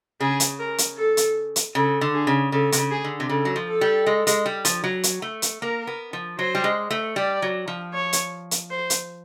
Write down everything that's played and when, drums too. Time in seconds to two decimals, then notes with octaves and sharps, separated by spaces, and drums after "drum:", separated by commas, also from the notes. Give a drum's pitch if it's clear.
0.20 C#3 G#4
0.40 drum: hi-hat
0.59 A#4
0.78 drum: hi-hat
0.97 A4
1.17 drum: hi-hat
1.56 drum: hi-hat
1.75 C#3 A4
2.01 D3
2.14 G#4
2.27 C#3
2.52 C#3 A4
2.72 C3, drum: hi-hat
2.78 C#3
2.91 G#4
3.04 D3
3.20 C3
3.30 C#3 A4
3.45 F#3
3.56 F3
3.68 A4
3.81 G3
4.07 G#3
4.27 G#3, drum: hi-hat
4.46 G3
4.65 F3, drum: hi-hat
4.84 F#3
5.03 drum: hi-hat
5.22 A3
5.42 drum: hi-hat
5.62 A#3 A#4
5.87 B3
6.13 F3
6.39 F#3 C5
6.55 G3
6.64 G#3
6.91 A3
7.16 G3 D5
7.42 F#3
7.68 F3
7.93 C#5
8.13 drum: hi-hat
8.51 drum: hi-hat
8.70 C5
8.90 drum: hi-hat